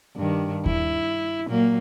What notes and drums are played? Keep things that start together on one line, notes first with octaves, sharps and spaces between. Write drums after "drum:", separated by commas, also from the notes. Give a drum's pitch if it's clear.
G2 D#3
E4, drum: kick D#2
A#2 F#3 A#3